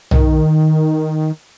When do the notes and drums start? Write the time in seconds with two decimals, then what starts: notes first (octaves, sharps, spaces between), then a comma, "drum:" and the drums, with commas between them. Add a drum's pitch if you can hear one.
0.11 D#3, drum: tom